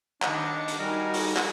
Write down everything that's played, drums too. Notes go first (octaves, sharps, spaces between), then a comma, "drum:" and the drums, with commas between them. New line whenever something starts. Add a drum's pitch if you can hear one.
D#3 D4 D#5 C#7, drum: clap
drum: hi-hat
G3 D#4 F#4 A#4 D#5 G#5
drum: open hi-hat
drum: clap